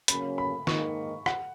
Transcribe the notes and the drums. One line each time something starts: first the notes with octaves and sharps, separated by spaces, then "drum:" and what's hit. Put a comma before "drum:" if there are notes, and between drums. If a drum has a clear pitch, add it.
C#3 F#3 A#3 C#4 B5, drum: hi-hat
B5
G#2 D#3 A#3 D#4 A#4 C#6, drum: snare
F#5, drum: rim click